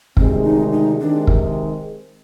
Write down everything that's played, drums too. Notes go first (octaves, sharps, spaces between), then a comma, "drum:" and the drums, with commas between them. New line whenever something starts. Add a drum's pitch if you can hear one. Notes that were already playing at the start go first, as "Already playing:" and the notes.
D2 C3 D#3 G#3 C4, drum: kick
D#4
D#4
C3 D#3 G#3 D4
drum: kick